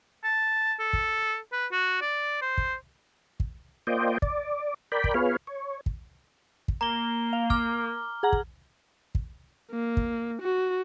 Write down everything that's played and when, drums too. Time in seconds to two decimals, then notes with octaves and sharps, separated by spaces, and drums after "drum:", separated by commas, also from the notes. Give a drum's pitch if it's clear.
0.24 A5
0.80 A4
0.93 drum: kick
1.52 B4
1.72 F#4
2.01 D5
2.41 C5
2.58 drum: kick
3.40 drum: kick
3.87 A#3 F4 C5 D5 D#5 G5
4.22 D5, drum: kick
4.92 A#4 D5 G5 B5
5.04 drum: kick
5.14 B3 F4 G#4 B4 C#5 F5
5.47 C#5
5.86 drum: kick
6.68 drum: kick
6.81 A#3 A#5 G7
7.33 F5
7.50 D6 F6, drum: kick
8.23 G#4 F#5 A#5
8.33 drum: kick
9.15 drum: kick
9.71 A#3
9.97 drum: kick
10.42 F#4